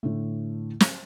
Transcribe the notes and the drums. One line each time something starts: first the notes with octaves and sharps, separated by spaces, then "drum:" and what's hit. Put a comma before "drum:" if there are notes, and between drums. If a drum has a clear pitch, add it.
A2 D3 A3
drum: snare